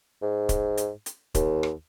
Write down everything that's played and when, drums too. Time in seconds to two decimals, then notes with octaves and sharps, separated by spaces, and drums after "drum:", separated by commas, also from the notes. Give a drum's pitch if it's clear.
0.22 G#2
0.49 drum: kick, hi-hat
0.77 drum: hi-hat
1.06 drum: hi-hat
1.35 D#2, drum: kick, hi-hat
1.63 drum: rim click